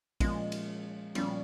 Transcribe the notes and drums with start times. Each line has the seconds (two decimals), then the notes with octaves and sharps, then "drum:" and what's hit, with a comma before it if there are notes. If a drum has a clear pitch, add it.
0.20 A#2 F3 G#3 A#3 C#4 F4, drum: kick, cymbal
0.52 drum: cymbal
1.15 A#2 F3 G3 A#3 C#4 F4, drum: cymbal